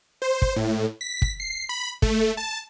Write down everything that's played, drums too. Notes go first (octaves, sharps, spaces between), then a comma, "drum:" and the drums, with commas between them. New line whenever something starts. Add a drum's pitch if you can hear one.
C5
drum: kick
A2
B6
drum: kick
C7
B5
A3, drum: kick
A5